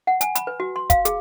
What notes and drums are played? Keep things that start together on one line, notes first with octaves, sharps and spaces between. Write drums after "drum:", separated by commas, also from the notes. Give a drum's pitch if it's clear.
F#5
G#5, drum: hi-hat
B5, drum: hi-hat
B4
F#4
C6
F5, drum: kick, hi-hat
G#4, drum: hi-hat